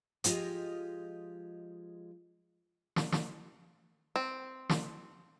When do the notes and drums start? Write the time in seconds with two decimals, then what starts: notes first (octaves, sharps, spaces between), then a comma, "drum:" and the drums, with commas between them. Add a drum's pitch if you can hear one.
0.24 F3 G#3 F4 G4 D#5, drum: hi-hat
2.96 drum: snare
3.12 drum: snare
4.16 C4
4.69 drum: snare